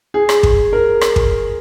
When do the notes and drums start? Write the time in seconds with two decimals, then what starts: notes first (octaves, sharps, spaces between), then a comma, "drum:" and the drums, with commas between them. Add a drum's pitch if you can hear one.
0.14 G#4
0.29 drum: rim click
0.43 drum: kick
0.73 A#4
1.01 drum: rim click
1.16 drum: kick